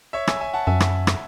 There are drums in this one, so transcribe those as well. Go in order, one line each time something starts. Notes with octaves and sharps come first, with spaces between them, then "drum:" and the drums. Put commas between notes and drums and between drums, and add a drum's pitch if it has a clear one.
C#5 E5
E5 G#5, drum: rim click
E5 G#5
F#5 A5
F#2 E5 G#5
drum: rim click
drum: rim click